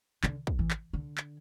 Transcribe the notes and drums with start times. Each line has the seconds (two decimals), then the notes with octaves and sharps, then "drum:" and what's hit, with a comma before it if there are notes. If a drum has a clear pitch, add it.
0.23 D3, drum: clap
0.47 drum: kick
0.59 E3
0.71 drum: clap
0.93 D3
1.18 drum: clap